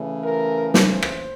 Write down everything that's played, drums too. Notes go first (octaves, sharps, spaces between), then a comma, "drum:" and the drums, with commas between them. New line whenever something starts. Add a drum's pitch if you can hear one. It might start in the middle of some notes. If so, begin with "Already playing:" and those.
Already playing: C#3 E3 A3 C#4
A#4
C5, drum: snare
drum: rim click